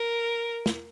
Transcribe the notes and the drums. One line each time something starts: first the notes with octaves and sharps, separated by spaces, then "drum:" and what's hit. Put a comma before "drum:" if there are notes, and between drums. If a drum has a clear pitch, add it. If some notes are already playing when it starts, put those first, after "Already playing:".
Already playing: A#4
drum: snare